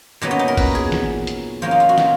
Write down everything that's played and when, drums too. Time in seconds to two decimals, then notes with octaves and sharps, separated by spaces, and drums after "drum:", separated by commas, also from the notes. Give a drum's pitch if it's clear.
0.22 A#2 F#3 B3 D#4
0.31 C#4
0.39 D#4
0.48 A#4
0.57 B4, drum: kick G#1, open hi-hat
0.75 G#4
0.92 drum: snare
1.27 drum: hi-hat
1.62 F3 A#3 C#4 F4
1.71 D#4
1.80 F4
1.89 F#4
1.98 F4, drum: snare